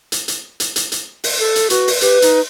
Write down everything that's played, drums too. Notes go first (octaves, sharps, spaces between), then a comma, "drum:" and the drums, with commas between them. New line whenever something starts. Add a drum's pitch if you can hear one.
drum: hi-hat
drum: hi-hat
drum: hi-hat
drum: hi-hat
drum: hi-hat
drum: open hi-hat
A4
drum: hi-hat
F#4 B4, drum: hi-hat
drum: open hi-hat
G4 B4, drum: hi-hat
D#4, drum: hi-hat